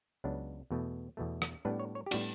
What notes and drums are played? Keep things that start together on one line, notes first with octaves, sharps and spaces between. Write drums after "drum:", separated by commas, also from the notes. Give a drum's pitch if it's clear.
C#2 C#3 F#3 B3 D4
E2 B2 A3
E2 B2 A3
drum: rim click
A2 G3 B3 D4 B4
C#5
C#5
G4
A2 G3 B3 D4 F#4, drum: cymbal